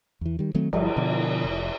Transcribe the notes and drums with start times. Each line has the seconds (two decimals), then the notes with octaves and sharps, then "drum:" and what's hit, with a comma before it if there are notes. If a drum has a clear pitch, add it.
0.21 E2 E3
0.39 D#3 G3
0.54 D#3 F#3 A3 C4
0.73 G1 F3 G3, drum: cymbal
0.96 B2 D3 F3
1.44 F1